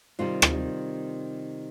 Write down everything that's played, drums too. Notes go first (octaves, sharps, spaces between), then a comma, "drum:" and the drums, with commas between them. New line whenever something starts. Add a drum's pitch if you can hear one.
C3 D#3 G3 F4
drum: rim click